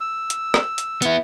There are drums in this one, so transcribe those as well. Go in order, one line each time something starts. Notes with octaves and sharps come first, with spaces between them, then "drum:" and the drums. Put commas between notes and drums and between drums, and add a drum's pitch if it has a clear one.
E6
drum: hi-hat
drum: rim click
drum: hi-hat
B3 E4, drum: hi-hat